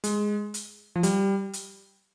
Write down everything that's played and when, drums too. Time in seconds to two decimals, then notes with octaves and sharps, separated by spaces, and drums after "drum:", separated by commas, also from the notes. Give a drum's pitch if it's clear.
0.04 G#3, drum: hi-hat
0.54 drum: hi-hat
0.96 F3
1.03 G3, drum: hi-hat
1.53 drum: hi-hat